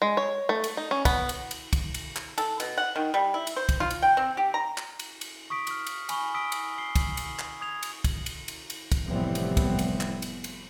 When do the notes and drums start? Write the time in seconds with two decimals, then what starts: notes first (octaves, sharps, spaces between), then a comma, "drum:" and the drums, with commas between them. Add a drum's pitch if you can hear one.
0.02 G#3
0.17 C#5
0.49 A3
0.64 drum: cymbal
0.77 D#4
0.91 C#4
1.05 B3, drum: kick, cymbal
1.29 drum: cymbal
1.51 drum: cymbal
1.73 drum: kick, cymbal
1.94 drum: cymbal
2.16 drum: clap
2.38 A4, drum: cymbal
2.60 B2, drum: cymbal
2.78 F#5
2.96 D#3
3.14 G3
3.34 E4
3.47 drum: cymbal
3.56 C5
3.69 drum: kick, cymbal
3.80 F4
3.91 drum: cymbal
4.02 G5
4.17 C4
4.37 G4
4.54 A#5
4.78 drum: clap
4.99 drum: cymbal
5.21 drum: cymbal
5.50 C#6 D#6 B6 D7
5.67 C#6 F6, drum: cymbal
5.87 drum: cymbal
6.09 G#5 B5 C#6 G7, drum: cymbal
6.34 D#6 E6 B6 D7
6.52 drum: cymbal
6.78 C7 G7
6.96 drum: kick, cymbal
7.17 drum: cymbal
7.39 drum: clap
7.61 D#6 G#6 F7
7.83 drum: cymbal
8.04 drum: kick, cymbal
8.26 drum: cymbal
8.48 drum: cymbal
8.70 drum: cymbal
8.92 drum: kick, cymbal
9.06 F1 A2 E3 G3 B3 C4
9.35 drum: cymbal
9.57 drum: kick, cymbal
9.79 drum: cymbal
10.01 drum: clap
10.22 drum: cymbal
10.44 drum: cymbal